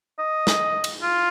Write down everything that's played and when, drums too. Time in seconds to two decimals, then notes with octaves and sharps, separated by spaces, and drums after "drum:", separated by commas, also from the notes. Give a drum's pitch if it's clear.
0.19 D#5
0.47 drum: snare
0.84 drum: cymbal
1.02 F4